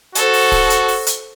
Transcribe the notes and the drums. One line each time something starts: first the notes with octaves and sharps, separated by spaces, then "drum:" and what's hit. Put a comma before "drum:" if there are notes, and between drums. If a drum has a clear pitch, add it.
F#4 A4 C5, drum: hi-hat
drum: open hi-hat
drum: kick, open hi-hat
drum: hi-hat
drum: open hi-hat
drum: hi-hat